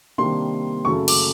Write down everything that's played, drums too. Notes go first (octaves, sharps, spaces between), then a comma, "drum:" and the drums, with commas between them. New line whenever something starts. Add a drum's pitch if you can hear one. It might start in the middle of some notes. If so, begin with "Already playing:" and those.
C3 D#3 G3 A#3 D4 C6
F#2 C#3 F#3 A3 C#6
D6, drum: cymbal